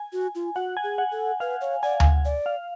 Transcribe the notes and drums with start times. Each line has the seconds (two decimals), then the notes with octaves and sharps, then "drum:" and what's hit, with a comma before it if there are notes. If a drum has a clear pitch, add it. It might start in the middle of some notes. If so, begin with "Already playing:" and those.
Already playing: G#5
0.13 F#4
0.35 F4
0.55 F#4 F#5
0.77 G#5
0.83 G#4
0.98 F#5
1.12 A4
1.40 B4 F5
1.61 C#5
1.83 D5 G#5
2.00 drum: tom D2
2.25 D5
2.46 F5